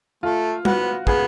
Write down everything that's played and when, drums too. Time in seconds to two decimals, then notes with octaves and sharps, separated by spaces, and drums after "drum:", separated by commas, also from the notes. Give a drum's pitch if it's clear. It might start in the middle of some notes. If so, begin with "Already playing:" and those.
0.23 A3 F4
0.65 B3 F#4, drum: tom G3
1.07 B3 G#4, drum: kick